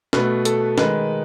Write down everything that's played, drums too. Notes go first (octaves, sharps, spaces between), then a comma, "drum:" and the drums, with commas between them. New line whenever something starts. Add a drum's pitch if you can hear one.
B2 A3 B4, drum: snare
A4, drum: hi-hat
D#3 G#3 B4, drum: snare